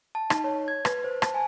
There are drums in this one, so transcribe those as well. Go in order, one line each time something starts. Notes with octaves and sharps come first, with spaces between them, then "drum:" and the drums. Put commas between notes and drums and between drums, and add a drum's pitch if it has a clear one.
A5
D#4, drum: rim click
C#5
G#6
B4, drum: rim click
C5
A5, drum: rim click
G#5